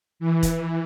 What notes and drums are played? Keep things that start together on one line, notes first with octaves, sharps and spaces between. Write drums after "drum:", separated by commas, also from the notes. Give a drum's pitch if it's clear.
E3
drum: kick E1, hi-hat